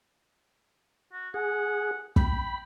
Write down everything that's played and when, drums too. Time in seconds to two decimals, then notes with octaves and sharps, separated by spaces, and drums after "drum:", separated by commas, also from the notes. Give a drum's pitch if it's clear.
1.12 F#4
1.34 G#4 F#5
2.16 G5 B5, drum: kick